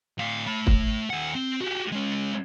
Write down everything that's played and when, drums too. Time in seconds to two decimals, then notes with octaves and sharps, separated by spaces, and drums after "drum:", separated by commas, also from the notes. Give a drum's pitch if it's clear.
0.19 A2 F5
0.47 A3 B5
0.67 drum: kick
1.10 D#2 F#5
1.35 C4
1.60 F#4 G4
1.92 G#3 C#4